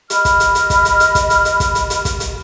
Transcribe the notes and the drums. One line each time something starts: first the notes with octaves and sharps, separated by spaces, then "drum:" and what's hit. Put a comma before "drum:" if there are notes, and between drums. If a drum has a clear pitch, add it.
D#5 B5 F6, drum: hi-hat
drum: kick, hi-hat
drum: hi-hat
drum: hi-hat
drum: kick, hi-hat
drum: hi-hat
drum: hi-hat
drum: kick, hi-hat
drum: hi-hat
drum: hi-hat
drum: kick, hi-hat
drum: hi-hat
drum: hi-hat
drum: kick, hi-hat
drum: hi-hat